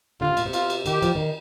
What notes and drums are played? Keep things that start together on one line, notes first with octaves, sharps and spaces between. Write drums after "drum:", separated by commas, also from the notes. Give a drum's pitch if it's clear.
D3 F4
C3
A#2, drum: cymbal
C3
F4, drum: cymbal
drum: cymbal
D#3 G4, drum: cymbal
F3, drum: cymbal
D#3